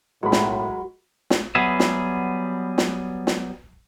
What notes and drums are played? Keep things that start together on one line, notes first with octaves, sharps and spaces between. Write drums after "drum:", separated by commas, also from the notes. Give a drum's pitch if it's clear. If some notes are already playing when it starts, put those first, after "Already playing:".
B1 A2 F#3 G#3 A#4 B5
drum: snare
drum: snare
F#3 G3 B3 G#4 E5
drum: snare
drum: snare
drum: snare